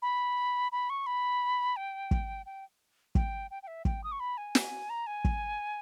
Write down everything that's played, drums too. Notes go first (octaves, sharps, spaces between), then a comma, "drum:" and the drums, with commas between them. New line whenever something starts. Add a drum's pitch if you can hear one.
B5
B5
C#6
B5
G5
drum: kick
G5
G5, drum: kick
G5
G5
E5
G5, drum: kick
D#6
C#6
B5
G#5
drum: snare
A#5
G#5
drum: kick